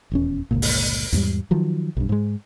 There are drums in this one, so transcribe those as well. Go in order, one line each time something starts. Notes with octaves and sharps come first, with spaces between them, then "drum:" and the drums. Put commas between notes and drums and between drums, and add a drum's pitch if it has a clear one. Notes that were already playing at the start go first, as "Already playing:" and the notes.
D#1 E2 C#4
G1 C#2 A#2
drum: open hi-hat
E2 G#2 G3, drum: hi-hat
D#3 F3 F#3
B1 G2
G#2 G#3